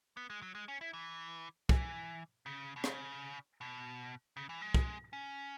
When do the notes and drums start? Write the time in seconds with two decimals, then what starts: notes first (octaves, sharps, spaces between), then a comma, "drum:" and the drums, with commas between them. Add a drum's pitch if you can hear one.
0.17 B3
0.30 G#3
0.42 F#3
0.55 G#3
0.68 C#4
0.81 E4
0.93 E3
1.69 E3, drum: kick
2.46 C#3
2.76 B2
2.84 C#3, drum: rim click
3.61 B2
4.37 C#3
4.49 E3
4.61 G#3
4.75 drum: kick
5.13 C#4